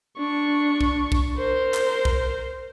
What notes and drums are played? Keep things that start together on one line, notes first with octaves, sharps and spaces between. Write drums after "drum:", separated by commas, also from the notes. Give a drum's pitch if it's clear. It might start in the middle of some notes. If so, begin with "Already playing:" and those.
D4 C#6
drum: kick
drum: kick
A#4 C5
drum: clap
drum: kick